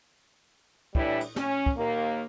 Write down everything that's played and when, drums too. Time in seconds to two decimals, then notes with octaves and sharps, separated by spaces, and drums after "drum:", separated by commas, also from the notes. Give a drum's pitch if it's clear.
0.95 A2 E3 G3 D4 E4, drum: kick
1.21 drum: cymbal
1.36 C#4, drum: snare
1.66 drum: kick
1.76 D#2 A#3